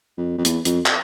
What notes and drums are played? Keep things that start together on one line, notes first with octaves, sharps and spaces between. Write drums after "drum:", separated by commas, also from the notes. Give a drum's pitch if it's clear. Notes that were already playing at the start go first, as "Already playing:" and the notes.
F2
F2
E2, drum: hi-hat
F2, drum: hi-hat
drum: clap